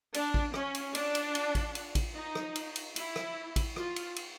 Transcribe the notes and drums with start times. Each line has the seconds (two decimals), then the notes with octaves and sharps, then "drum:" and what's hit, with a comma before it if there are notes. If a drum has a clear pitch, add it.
0.14 D4, drum: cymbal
0.34 drum: kick A1
0.54 C#4, drum: rim click
0.75 drum: cymbal
0.95 D4, drum: cymbal
1.15 drum: cymbal
1.35 drum: cymbal
1.55 drum: kick A1, cymbal
1.75 drum: cymbal
1.95 drum: kick A1, cymbal
2.15 D#4
2.35 drum: rim click
2.56 drum: cymbal
2.76 drum: cymbal
2.96 E4, drum: cymbal
3.16 drum: rim click
3.56 drum: kick A1, cymbal
3.76 F4, drum: rim click
3.96 drum: cymbal
4.16 drum: cymbal